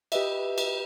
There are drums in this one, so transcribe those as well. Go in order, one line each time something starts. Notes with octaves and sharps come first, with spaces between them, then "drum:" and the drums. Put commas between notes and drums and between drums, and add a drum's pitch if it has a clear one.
G4 B4 D#5 E5, drum: cymbal
drum: cymbal